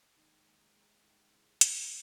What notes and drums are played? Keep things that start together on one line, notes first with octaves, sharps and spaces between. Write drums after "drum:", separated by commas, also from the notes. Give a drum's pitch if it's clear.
D#2 D#3 G#3 D#4
D#2 D#3 G#3 D#4
D#2 D#3 G#3 D#4
D#2 D#3 G#3 D#4
C#2 C#3 E3
C#2 C#3 E3, drum: hi-hat